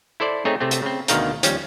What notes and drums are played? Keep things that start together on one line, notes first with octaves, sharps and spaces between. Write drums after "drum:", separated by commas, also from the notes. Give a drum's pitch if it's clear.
E4 A4 C5 D5
A3 C4 D#4 G#4 C#5
C3 A3 C4
drum: hi-hat
C#3 C4
D2 B2 D#3 F5 G5 A#5, drum: hi-hat
D#2 F3 G3 C#4, drum: hi-hat